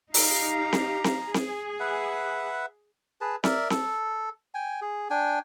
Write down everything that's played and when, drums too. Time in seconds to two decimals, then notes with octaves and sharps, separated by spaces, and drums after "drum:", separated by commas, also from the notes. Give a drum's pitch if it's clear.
0.14 D#4 G4 F5 A#5, drum: open hi-hat
0.73 drum: snare C4
1.04 drum: snare C4
1.23 G#4
1.34 drum: snare C4
1.80 B4 E5 F#5
3.21 G#4 B4 A5
3.44 A#4 D5 E5, drum: snare C4
3.70 A4, drum: snare C4
4.54 G5 G#5
4.82 G#4
5.10 D4 G5 G#5